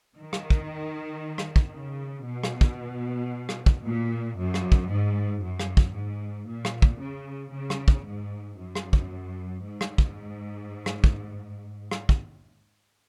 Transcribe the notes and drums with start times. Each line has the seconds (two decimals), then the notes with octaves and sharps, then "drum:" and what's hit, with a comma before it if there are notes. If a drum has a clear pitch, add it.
0.15 D#3
0.33 drum: rim click
0.50 drum: kick
1.38 drum: rim click
1.56 drum: kick
1.74 C#3
2.25 B2
2.44 drum: rim click
2.61 drum: kick
3.49 drum: rim click
3.66 drum: kick
3.84 A#2
4.37 F#2
4.54 drum: rim click
4.72 drum: kick
4.89 G#2
5.42 F#2
5.60 drum: rim click
5.77 drum: kick
5.94 G#2
6.48 A#2
6.65 drum: rim click
6.82 drum: kick
7.00 C#3
7.53 C#3
7.70 drum: rim click
7.88 drum: kick
8.06 G#2
8.57 F#2
8.75 drum: rim click
8.93 drum: kick
9.64 G#2
9.81 drum: rim click
9.98 drum: kick
10.86 drum: rim click
11.04 drum: kick
11.91 drum: rim click
12.09 drum: kick